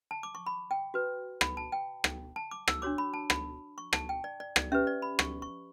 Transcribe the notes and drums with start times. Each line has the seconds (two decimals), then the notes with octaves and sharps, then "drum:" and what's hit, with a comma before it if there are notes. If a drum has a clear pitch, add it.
0.11 A5
0.23 D6
0.35 C#6
0.47 B5
0.71 G5
0.94 F#4 B4
1.41 B5, drum: rim click
1.57 A5
1.72 G5
2.04 drum: rim click
2.36 A5
2.51 D6
2.68 E6, drum: rim click
2.82 D4 F#4 C#5 D6
2.98 B5
3.14 A5
3.30 B5, drum: rim click
3.78 C#6
3.93 A5, drum: rim click
4.09 G5
4.24 D5
4.40 D5
4.56 D5, drum: rim click
4.72 C#4 G4 B4 E5
4.87 D5
5.02 B5
5.19 C#6, drum: rim click
5.42 C#6